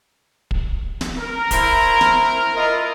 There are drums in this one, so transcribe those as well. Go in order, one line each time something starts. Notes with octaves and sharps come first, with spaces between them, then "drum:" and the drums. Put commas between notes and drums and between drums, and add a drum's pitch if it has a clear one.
drum: kick
drum: snare
A#4
E4 C5, drum: kick, hi-hat
drum: snare
E4 F4 A#4 D#5